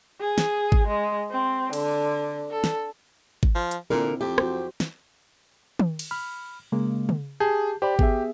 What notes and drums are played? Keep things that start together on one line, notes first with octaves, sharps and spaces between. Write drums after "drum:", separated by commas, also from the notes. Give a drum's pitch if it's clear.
G#4
drum: snare
drum: kick G#1
G#3
C4
D3, drum: cymbal
A4
drum: snare
drum: kick G#1
F3
drum: hi-hat
A#2 D3 C4 E4 A#4
F2 G4
F#4 C5, drum: rim click
drum: snare
drum: tom D#3
drum: cymbal
B5 F6
C#3 G#3 A#3
drum: tom C#3
G4 G#4 A5 G6
G4 C5 D5 B5
B3 G#4 E5, drum: kick G#1